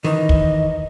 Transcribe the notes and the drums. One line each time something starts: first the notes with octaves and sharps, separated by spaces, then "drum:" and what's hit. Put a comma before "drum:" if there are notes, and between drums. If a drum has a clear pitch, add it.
D#3 E3 D#5
drum: kick